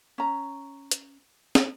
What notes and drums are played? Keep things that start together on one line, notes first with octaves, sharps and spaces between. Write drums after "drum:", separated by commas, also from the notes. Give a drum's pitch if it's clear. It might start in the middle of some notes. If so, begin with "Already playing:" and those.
C#4 A#5
drum: hi-hat
drum: snare